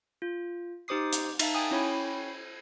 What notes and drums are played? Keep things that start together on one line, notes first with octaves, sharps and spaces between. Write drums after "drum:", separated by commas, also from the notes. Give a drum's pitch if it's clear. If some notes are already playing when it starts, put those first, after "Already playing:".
F4
D#4 G4 C5 D6 D#6 C7
drum: hi-hat
D#4 E5 F5 A5, drum: cymbal
G5 G#5 D#6
C#4 E4 C#5 G5 B5